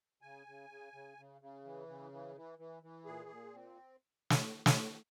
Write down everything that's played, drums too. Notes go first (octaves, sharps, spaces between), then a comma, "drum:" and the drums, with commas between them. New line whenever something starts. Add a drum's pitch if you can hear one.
C#3 G#5
C#3
C#3
C#3
C#3
C#3
E3
C#3
E3
E3
E3
E3
A#2 G#4
A#2
C4
drum: snare
drum: snare